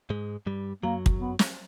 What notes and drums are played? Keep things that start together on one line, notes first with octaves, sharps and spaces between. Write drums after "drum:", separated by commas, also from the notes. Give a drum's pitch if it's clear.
G#2 G#3
G2 G3
F#2 F#3 A#3
drum: kick
B3
drum: snare